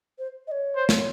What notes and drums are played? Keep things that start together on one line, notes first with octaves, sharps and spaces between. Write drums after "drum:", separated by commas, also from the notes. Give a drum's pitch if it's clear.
C5
D#5
C#5
C5
drum: snare